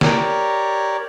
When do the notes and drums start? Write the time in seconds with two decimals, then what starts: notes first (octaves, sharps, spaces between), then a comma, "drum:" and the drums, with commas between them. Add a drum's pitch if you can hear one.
0.01 G4 A#4 C#5 D5, drum: snare